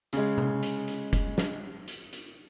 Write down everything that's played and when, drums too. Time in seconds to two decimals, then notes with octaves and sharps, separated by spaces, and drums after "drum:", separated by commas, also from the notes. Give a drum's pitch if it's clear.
0.13 C#3 G#3, drum: hi-hat
0.38 drum: tom C3
0.63 drum: hi-hat
0.88 drum: hi-hat
1.13 drum: kick F1, hi-hat
1.38 drum: snare
1.88 drum: hi-hat
2.13 drum: hi-hat